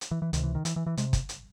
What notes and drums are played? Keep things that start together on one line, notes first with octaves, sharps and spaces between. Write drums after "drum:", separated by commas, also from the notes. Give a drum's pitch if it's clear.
drum: hi-hat
E3
E3
C#2 C3 D#3, drum: hi-hat
E3
D#3
E3, drum: hi-hat
E3
E3
C3 G#3, drum: hi-hat
drum: kick, hi-hat
drum: hi-hat